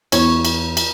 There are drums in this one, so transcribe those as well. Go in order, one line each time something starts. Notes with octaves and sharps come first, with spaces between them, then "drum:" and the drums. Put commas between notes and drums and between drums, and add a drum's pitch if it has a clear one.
E2 C#5, drum: cymbal
drum: cymbal
drum: cymbal